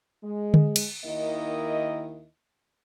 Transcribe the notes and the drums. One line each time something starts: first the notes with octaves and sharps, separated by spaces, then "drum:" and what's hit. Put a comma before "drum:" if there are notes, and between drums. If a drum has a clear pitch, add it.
G#3
drum: tom D3
drum: cymbal
D#2 D#3 A#3 E4 D#5